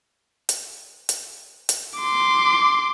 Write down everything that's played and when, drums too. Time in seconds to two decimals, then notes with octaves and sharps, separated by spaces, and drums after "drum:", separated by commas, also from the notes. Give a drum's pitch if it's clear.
0.49 drum: hi-hat
1.09 drum: hi-hat
1.69 drum: hi-hat
1.99 C6 D6